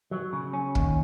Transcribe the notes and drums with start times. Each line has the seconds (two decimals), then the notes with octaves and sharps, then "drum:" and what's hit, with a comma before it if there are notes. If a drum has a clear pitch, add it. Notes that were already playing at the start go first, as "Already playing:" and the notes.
0.11 F#3
0.33 C#3
0.53 C#4
0.75 D#2, drum: kick